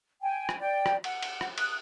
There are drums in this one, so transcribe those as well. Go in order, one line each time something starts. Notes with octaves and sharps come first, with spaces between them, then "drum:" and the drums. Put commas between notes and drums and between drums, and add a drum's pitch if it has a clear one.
G5 G#5
drum: rim click
D5 G5
drum: rim click
F#5, drum: cymbal
drum: cymbal
drum: rim click
D#6 F#6, drum: cymbal